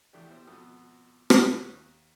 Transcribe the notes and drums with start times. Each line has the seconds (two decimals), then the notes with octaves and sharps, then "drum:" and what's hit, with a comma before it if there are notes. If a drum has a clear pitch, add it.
0.13 A1 E2 A3 D4 G4
0.30 B2 G4 C5
0.47 G#1 F2 B2 B3 A4 D#6
1.30 C#3 A#3 F4 A5, drum: rim click
1.55 D#2 C#5 F#6